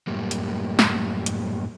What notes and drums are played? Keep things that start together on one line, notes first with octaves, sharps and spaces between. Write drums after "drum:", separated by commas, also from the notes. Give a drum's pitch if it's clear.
F#2 A2 G3 A#3
drum: hi-hat
drum: snare
drum: hi-hat